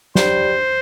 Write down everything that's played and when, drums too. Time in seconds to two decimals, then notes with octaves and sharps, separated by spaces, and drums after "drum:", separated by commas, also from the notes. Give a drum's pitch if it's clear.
0.15 G3 C5, drum: snare